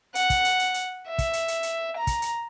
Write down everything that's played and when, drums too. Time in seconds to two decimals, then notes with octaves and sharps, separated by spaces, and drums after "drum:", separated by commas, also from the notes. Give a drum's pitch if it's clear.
0.15 F#5, drum: hi-hat
0.30 drum: kick, hi-hat
0.45 drum: hi-hat
0.59 drum: hi-hat
0.74 drum: hi-hat
1.09 E5
1.18 drum: kick, hi-hat
1.33 drum: hi-hat
1.48 drum: hi-hat
1.63 drum: hi-hat
1.97 A#5
2.07 drum: kick, hi-hat
2.22 drum: hi-hat